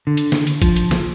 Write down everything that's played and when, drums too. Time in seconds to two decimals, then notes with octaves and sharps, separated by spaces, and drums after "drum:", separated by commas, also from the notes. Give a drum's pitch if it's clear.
0.07 D3
0.17 drum: hi-hat
0.32 drum: snare
0.47 drum: hi-hat
0.62 F3, drum: kick G#1, hi-hat
0.76 drum: hi-hat
0.91 drum: snare